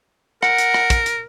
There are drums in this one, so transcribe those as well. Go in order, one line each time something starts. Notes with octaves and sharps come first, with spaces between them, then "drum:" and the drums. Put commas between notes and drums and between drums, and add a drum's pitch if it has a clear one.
A#4 F#5, drum: rim click
drum: hi-hat
drum: rim click
drum: kick, hi-hat
drum: hi-hat